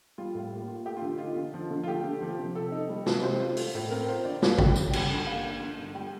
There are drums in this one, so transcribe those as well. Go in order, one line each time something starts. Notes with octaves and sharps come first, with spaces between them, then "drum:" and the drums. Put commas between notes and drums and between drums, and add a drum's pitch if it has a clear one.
G3 F4
A2
A#3
F4
A3 G4
F4
D3
D#4 F4
D3
F3
D3
F4
A3 G4
D3
F3
C3
C4 A4
D#4
G3
C3, drum: snare
C4 C5
F4
A3, drum: open hi-hat
A2
C4 A#4
F4 C5
D3 D5
G2, drum: snare
A3 G5, drum: kick
G2, drum: tambourine
G3, drum: cymbal
D3
A#3 F5
D4
D3
G2
G3 G5